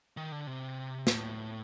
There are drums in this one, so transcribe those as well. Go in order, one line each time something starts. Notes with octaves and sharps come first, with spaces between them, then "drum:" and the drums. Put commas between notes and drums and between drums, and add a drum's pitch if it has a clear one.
D#3
D3
C3
A2, drum: snare